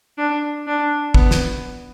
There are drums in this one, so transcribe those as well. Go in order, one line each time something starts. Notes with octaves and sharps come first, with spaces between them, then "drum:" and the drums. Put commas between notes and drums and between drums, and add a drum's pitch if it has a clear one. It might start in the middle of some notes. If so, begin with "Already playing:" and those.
D4
D4
B3, drum: kick
drum: snare